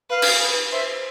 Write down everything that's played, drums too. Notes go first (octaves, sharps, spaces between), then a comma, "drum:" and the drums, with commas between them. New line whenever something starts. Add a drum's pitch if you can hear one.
B4 F5
drum: cymbal
B4
C5 E5